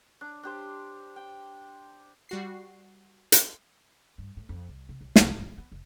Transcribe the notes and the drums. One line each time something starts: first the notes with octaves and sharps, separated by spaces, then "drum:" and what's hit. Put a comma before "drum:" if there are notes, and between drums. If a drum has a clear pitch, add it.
D4
D4 G4 C5
G5
G3 F#4 C7
drum: hi-hat
G2
A2
F2
C2
C3
B1
C2, drum: snare
G#1
D#3
B3
F1